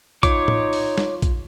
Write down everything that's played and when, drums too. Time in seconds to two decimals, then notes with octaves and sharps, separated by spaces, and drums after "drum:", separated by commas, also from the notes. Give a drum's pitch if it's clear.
0.23 D#4 F4 C#5 D6, drum: kick, hi-hat
0.48 drum: tom
0.73 drum: open hi-hat
0.98 drum: snare
1.22 drum: kick, hi-hat